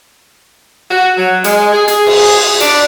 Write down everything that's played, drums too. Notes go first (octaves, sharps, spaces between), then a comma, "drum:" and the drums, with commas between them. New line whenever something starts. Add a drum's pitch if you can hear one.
F#4
F#3
G#3, drum: hi-hat
G#4
G#4, drum: hi-hat
drum: cymbal
D4, drum: hi-hat